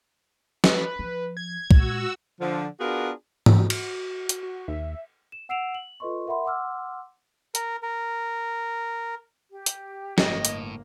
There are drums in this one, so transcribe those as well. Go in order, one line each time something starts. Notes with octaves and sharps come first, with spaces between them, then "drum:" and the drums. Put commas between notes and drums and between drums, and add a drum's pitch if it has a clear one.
B4, drum: snare
F3
G#6
A#2 G#3 F#4 E6, drum: kick
D3 F3
B3 D4 F4 F#4 G#4 A#4
F#4, drum: tom G#2
drum: cymbal
drum: hi-hat
F#4
D#2 E5
E7
F#5 E6 C7 D7 E7 F7
F#7
F4 A4 B4 D#5 C6 C#6
A#4 E5 F#5 B5 C6
F#5 C6 D6 E6 F6
A#4, drum: hi-hat
A#4
G4
drum: hi-hat
G1 A2 A#3 D#5, drum: snare
drum: hi-hat